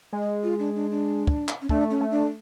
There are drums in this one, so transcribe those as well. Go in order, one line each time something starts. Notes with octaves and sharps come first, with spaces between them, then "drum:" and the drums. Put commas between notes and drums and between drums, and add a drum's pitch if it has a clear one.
G#3
F4
D4
D4
D4
drum: kick
drum: clap
C#4
A3 D4, drum: kick
C#4
A3
D4